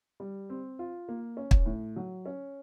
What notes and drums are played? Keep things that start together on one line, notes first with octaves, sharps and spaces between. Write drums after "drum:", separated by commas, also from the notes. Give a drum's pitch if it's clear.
G3
C4
F4
A#3
C#4
drum: kick
A2
F#3
C#4